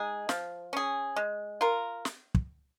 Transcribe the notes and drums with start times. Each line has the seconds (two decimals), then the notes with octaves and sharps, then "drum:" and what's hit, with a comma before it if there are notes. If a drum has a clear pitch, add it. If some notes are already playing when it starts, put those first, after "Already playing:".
Already playing: G#3 D#4 G#4
0.29 F3, drum: snare
0.73 C#4 G#4
1.16 G#3
1.61 F4 A#4
2.05 drum: snare
2.35 drum: kick